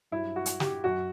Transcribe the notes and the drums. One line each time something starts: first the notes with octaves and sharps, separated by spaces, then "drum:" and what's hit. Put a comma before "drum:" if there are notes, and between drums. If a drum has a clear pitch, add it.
G2 F#3 E4
F#4
drum: hi-hat
G4, drum: snare
F#2 F#3 F#4